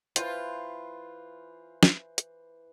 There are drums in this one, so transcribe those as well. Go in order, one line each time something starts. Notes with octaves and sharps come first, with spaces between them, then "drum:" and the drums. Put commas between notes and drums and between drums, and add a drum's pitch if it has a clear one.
E3 F4 B4 C5, drum: hi-hat
drum: snare
drum: hi-hat